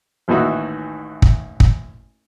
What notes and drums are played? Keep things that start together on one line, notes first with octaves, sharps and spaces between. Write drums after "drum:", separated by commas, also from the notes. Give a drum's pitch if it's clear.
A1 D#2 E3 D#4 F#4 E5
drum: kick
drum: kick